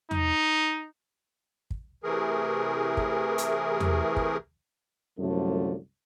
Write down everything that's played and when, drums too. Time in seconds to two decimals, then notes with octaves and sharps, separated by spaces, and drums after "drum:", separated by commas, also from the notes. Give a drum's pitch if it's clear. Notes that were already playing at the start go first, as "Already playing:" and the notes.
0.11 D#4, drum: tom E2
1.71 drum: kick
2.04 C3 E3 A3 G#4 A#4
2.97 drum: kick
3.38 drum: hi-hat
3.80 drum: tom E2
4.17 drum: kick
5.18 C2 F#2 D3 F3 F#3 A3